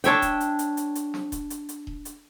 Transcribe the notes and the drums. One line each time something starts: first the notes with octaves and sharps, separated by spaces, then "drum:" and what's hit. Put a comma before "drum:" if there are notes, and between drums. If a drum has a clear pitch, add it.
D4 C#5 E5 G5, drum: hi-hat
drum: kick D#1, hi-hat
drum: hi-hat
drum: hi-hat
drum: hi-hat
drum: hi-hat
drum: snare
drum: kick D#1, hi-hat
drum: hi-hat
drum: hi-hat
drum: kick D#1
drum: hi-hat